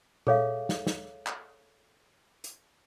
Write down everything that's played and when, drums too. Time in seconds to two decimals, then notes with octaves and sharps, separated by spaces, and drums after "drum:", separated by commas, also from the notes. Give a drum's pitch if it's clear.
0.27 G#4 A4 C#5 E5 F5, drum: tom A#2
0.69 drum: snare
0.87 drum: snare
1.27 drum: clap
2.44 drum: hi-hat